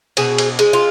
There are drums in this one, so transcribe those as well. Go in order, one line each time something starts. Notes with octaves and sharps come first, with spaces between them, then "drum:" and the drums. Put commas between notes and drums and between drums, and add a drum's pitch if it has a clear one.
B2 G#4, drum: cymbal
drum: cymbal
G#3, drum: cymbal
F4